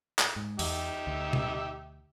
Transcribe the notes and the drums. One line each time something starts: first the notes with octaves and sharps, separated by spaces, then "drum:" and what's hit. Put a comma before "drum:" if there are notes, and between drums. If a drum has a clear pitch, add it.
drum: clap
G#2
E2 D#4 G4 E5, drum: open hi-hat
D2
drum: tom B2